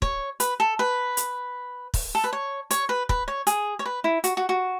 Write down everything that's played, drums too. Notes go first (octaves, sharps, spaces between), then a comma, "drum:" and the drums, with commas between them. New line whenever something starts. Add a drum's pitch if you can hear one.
C#5, drum: kick
B4, drum: hi-hat
A4
B4
drum: hi-hat
drum: kick, open hi-hat
A4
B4
C#5
C#5, drum: hi-hat
B4
B4, drum: kick
C#5
G#4, drum: hi-hat
C#5
B4
E4
F#4, drum: hi-hat
F#4
F#4